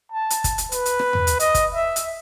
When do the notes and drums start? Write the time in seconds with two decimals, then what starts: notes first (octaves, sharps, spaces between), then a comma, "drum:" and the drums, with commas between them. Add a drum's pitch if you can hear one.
0.12 A5
0.30 drum: hi-hat
0.44 drum: kick, hi-hat
0.58 drum: hi-hat
0.72 B4, drum: hi-hat
0.86 drum: hi-hat
0.99 drum: rim click
1.13 drum: tom
1.27 drum: hi-hat
1.40 D#5, drum: hi-hat
1.55 drum: kick, hi-hat
1.74 E5
1.96 drum: hi-hat